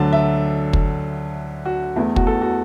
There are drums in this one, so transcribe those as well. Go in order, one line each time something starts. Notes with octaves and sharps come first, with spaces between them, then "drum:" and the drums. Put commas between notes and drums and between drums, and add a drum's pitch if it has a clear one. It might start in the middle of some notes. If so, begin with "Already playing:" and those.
Already playing: D2 D3 F#3 A5
E5
drum: kick
F#4
E2 E3 A3 E4
F#4, drum: kick
A4
F#4